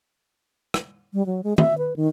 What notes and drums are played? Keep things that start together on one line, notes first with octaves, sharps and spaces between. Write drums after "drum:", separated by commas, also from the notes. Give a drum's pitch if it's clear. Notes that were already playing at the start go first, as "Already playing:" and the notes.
drum: rim click
G3
F#3
G#3
E5, drum: tom D#3
B4
D#3